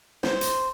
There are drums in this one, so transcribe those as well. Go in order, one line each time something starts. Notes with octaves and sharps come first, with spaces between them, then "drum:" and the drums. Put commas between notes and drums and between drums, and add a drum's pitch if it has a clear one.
C5, drum: snare
drum: hi-hat